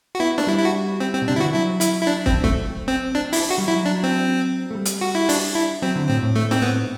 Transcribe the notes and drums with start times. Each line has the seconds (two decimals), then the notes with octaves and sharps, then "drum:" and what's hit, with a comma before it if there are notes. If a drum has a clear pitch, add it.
0.15 F#4
0.20 B3 E4
0.38 D4, drum: snare
0.47 G3 E4
0.58 E4
0.65 F#4
1.00 C4
1.14 C4
1.21 B2
1.28 C3 D4
1.36 D3 E4 F#4
1.46 E3
1.54 F#3 E4
1.81 E4, drum: hi-hat
2.02 E4
2.07 D4
2.26 C4, drum: kick
2.44 A3, drum: kick
2.88 C4
3.15 D4
3.33 E4, drum: open hi-hat
3.50 F#4
3.58 G3
3.68 F#3 E4
3.86 D4
4.04 C4
4.71 A3
4.75 G3
4.85 drum: hi-hat
5.01 F#4
5.15 E4
5.29 D4, drum: open hi-hat
5.55 E4
5.82 F#3 C4
5.95 D3
6.09 A2 C4
6.23 A2
6.36 A3
6.51 C4, drum: snare
6.62 B3